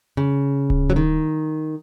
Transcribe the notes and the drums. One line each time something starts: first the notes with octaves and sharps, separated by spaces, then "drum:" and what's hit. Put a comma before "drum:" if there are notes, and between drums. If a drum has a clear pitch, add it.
C#3
drum: kick D1
F#3
D#3